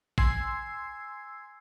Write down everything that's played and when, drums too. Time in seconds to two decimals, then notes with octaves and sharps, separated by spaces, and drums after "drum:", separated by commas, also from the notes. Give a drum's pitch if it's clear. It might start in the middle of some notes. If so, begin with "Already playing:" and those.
0.18 G#5 C6 E6 G#6 C7, drum: kick